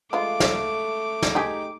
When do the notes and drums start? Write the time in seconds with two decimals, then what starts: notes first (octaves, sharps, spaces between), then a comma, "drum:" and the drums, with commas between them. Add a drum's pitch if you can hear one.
0.13 G#3 A3 F4 D6
0.40 drum: snare
1.22 drum: snare
1.35 A3 D#4 G4 G#4